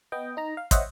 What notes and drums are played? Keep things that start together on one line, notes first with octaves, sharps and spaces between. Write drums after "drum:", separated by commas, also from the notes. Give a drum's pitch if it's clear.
B3 D#5 G5
D#4 A#5
F5
C5 C#5 D#5 E5 F#5, drum: kick, hi-hat